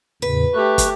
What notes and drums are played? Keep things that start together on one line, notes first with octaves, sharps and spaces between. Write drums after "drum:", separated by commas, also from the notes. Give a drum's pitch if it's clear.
E2 A2 C#3 B4
A3 G4 C#6 F#6
drum: kick, hi-hat